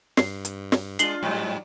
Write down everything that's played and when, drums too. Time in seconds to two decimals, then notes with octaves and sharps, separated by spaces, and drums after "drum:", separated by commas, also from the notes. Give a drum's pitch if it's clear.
0.17 G2 C7, drum: snare
0.45 drum: hi-hat
0.72 drum: snare
0.99 G#3 D4 F4 C7 F#7 G7, drum: hi-hat
1.23 G#2 F#3 G3